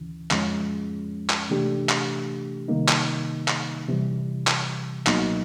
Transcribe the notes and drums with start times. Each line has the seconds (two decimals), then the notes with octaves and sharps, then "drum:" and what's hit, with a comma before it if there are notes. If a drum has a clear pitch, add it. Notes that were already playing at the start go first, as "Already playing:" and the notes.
Already playing: D2 C#3 E3
0.31 F2 C#3 F3 G#3 C#4, drum: clap
1.30 drum: clap
1.50 C3 E3 A3 D4 G4
1.89 drum: clap
2.68 C3 D#3 G3 A#3 D#4
2.88 drum: clap
3.48 drum: clap
3.88 C3 E3 G3
4.47 drum: clap
5.07 C#2 B2 F#3 A#3 D#4, drum: clap